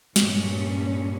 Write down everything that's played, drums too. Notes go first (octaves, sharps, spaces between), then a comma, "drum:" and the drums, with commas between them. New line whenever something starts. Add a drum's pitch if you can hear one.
G2 A#2 C#4, drum: snare